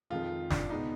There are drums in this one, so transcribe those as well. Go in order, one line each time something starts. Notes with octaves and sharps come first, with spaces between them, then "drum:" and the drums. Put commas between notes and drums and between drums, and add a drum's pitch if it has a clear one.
F2 D#3 G#3 F4
D4, drum: snare
B2 G#3 B3 D#4